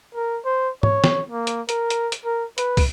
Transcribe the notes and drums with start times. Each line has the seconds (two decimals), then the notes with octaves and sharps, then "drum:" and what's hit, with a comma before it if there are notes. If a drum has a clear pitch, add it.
0.15 A#4
0.45 C5
0.83 C#5, drum: tom G#2
1.04 drum: snare
1.30 A#3
1.47 drum: hi-hat
1.69 A#4, drum: hi-hat
1.90 drum: hi-hat
2.12 drum: hi-hat
2.25 A#4
2.58 B4, drum: hi-hat
2.77 drum: kick, open hi-hat